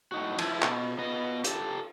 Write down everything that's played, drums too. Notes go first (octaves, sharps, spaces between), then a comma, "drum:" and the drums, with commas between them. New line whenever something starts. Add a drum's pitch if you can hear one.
A2 D#4 F#4
F3 E4, drum: cymbal
B2, drum: clap
B3 D#5
G4 A4, drum: hi-hat